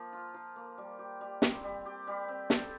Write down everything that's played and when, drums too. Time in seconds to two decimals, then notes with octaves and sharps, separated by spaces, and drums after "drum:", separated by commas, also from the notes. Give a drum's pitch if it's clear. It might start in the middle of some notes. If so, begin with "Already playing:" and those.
Already playing: F3 A#3
0.13 F4
0.34 F3
0.56 A#3
0.78 G3
0.99 G4
1.21 G3
1.42 C4, drum: snare
1.63 G3
1.86 G4
2.07 G3
2.28 C4
2.50 A4, drum: snare